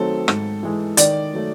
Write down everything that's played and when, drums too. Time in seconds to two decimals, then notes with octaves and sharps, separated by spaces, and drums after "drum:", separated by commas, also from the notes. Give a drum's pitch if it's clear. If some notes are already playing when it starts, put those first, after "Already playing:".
Already playing: D#3 F#3 A3 C4 A4
0.28 G#2, drum: rim click
0.63 E3 G#3
0.97 D#3 D5, drum: hi-hat
1.34 F#3 A3